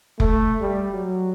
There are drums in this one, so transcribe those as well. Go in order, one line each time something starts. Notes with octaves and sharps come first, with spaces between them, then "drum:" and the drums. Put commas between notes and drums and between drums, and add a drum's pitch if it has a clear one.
A3, drum: kick F1
G3
F#3